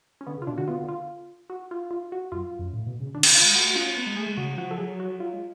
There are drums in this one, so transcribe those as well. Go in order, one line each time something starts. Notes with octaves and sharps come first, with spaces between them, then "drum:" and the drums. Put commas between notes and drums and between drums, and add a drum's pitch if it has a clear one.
C#4
D3 B3
C#3
F4
B2 D4
D3 F#4
B3 F4
D3
F4
F#4
F4
F4
F#4
F#2 F4
F#2
A2
B2
C#3
D3 D4
C#3, drum: cymbal
D3
F4
G#3
A3 F#4
F#4
C#4 F4
B3
G#3
A3 G#4
G#3
C#3 F#4
F3 F#4
A4
F#3 G#4
F#4
F#3 F4
G#3